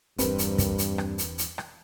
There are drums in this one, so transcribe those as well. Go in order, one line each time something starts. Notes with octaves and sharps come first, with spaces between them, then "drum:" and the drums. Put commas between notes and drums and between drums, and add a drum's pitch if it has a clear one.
E1 E2 G2 C4 A#4 B4, drum: hi-hat
drum: hi-hat
drum: kick, hi-hat
drum: hi-hat
drum: rim click
drum: hi-hat
drum: hi-hat
drum: rim click